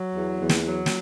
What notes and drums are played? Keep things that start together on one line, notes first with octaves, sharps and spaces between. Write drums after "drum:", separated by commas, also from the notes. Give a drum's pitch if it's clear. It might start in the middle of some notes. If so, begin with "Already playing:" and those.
Already playing: F#3
E2
E2
drum: snare
F#3
drum: snare